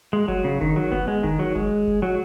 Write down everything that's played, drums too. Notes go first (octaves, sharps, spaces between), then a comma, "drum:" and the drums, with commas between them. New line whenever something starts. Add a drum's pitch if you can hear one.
G#3
F#3, drum: kick F1
C#3
D#3, drum: kick F1
F#3
B3, drum: kick F1
G#3
D#3, drum: kick F1
F#3
G#3, drum: kick F1
drum: kick F1
F#3